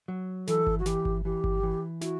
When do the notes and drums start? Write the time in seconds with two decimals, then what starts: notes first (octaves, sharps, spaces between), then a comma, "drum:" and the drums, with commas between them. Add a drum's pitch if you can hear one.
0.08 F#3
0.47 E3 A4, drum: snare
0.67 drum: kick G1
0.79 F#4
0.86 E3 G4, drum: snare
1.05 drum: kick G1
1.24 E3 G4
1.44 drum: kick G1
1.63 E3
2.01 E4 F#4, drum: snare